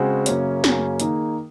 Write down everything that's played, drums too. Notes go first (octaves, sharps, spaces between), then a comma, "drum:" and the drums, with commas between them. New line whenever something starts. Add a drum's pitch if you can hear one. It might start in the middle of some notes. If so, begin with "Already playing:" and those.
Already playing: C#3 G#3 C4 F#4
F#2 C#3 F#3 A#3 C#4, drum: hi-hat
F#2 C#3 F#3 A#3 C#4, drum: snare
D#3 A#3 D#4 G#4, drum: hi-hat